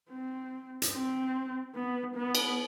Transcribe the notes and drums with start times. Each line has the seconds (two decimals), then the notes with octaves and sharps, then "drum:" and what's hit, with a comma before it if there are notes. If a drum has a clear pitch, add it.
0.10 C4
0.82 drum: hi-hat
0.92 C4
1.75 B3
2.16 B3
2.35 drum: cymbal